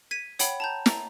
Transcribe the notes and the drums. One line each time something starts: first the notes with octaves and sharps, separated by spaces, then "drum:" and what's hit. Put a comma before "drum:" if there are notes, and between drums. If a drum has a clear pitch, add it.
G#6 B6 D#7
C#5 F#5 G5 B5, drum: hi-hat
A5 A#5 G6
A#5, drum: snare